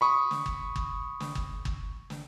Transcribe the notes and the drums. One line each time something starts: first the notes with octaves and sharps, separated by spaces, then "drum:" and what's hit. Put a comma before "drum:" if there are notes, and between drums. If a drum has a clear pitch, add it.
B5 C#6 D#6
drum: snare
drum: kick G1
drum: kick G1
drum: snare
drum: kick G1
drum: kick G1
drum: snare